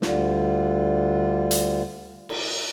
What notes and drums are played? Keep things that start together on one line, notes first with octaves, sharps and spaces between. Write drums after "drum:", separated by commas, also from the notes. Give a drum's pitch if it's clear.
D2 D3 G3 F4, drum: snare
drum: hi-hat
drum: cymbal